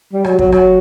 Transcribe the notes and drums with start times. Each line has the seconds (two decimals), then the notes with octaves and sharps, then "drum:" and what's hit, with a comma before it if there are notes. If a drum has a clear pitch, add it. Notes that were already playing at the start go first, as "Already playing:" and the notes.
0.13 G3
0.25 F#3, drum: rim click
0.39 F#3, drum: kick
0.52 F#3, drum: rim click